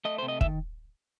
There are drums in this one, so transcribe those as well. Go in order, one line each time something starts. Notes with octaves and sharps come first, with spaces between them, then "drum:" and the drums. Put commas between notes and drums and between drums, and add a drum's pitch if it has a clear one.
A3 D#5
C3 C5
D#5
D#3 E5, drum: kick